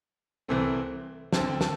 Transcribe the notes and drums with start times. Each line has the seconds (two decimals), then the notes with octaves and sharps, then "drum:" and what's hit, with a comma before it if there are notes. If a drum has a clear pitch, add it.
0.48 C2 C3 E3 A3 C4
1.33 D2 D3 C4 A5, drum: snare
1.49 G5
1.61 A5, drum: snare